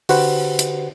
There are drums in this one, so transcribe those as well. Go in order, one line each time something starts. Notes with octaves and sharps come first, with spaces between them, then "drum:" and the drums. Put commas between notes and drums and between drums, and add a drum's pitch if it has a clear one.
D3 F#4 G4 B4 C5 F#5, drum: open hi-hat
drum: hi-hat